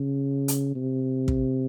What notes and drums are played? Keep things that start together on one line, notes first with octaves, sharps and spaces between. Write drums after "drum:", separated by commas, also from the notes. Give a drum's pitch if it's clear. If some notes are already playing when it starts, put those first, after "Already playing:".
Already playing: C#3
drum: hi-hat
C3
drum: kick